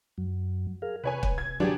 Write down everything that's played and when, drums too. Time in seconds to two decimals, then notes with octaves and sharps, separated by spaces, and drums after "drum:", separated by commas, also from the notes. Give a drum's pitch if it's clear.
0.18 F#2 F#3
0.82 G#4 A#4 F5
1.04 C3 B4 C#5 G#5
1.23 drum: kick
1.38 G#6
1.60 D3 F#3 D4 G4 G#4